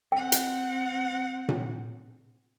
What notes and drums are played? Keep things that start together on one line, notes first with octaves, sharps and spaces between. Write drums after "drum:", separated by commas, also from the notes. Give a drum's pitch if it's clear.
C4 F#5 G5
drum: hi-hat
drum: tom A#2